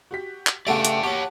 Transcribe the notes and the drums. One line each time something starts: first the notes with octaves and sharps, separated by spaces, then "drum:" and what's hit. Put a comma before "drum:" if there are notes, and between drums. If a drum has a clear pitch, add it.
F#4 G4 B6
drum: clap
C#3 A3 G4 D5 E5 F#5 G5 A5
drum: hi-hat
F#4 G4 C#5 A5